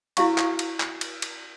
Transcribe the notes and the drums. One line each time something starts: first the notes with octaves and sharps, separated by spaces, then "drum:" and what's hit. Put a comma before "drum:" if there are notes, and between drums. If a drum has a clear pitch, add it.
E4 F#4 F5 C#6, drum: cymbal
drum: clap
drum: cymbal
drum: clap
drum: cymbal
drum: cymbal